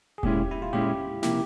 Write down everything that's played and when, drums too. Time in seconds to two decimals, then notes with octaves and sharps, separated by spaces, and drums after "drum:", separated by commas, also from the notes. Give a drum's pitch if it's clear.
0.18 G#4
0.23 A#2 G#3 C#4 E4 G4, drum: kick E1
0.51 E4
0.62 F4
0.73 A#2 G#3 C#4 E4 G4
1.23 C3 F3 A#3 E4 G4, drum: snare